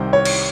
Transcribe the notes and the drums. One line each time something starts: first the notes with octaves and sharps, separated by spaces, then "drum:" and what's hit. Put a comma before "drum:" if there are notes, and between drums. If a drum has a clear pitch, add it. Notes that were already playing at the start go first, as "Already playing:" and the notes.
Already playing: C2 C3 D#3 C5
C#5
drum: cymbal